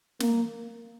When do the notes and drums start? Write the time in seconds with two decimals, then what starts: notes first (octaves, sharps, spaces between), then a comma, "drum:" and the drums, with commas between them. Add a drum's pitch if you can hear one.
0.20 A#3, drum: snare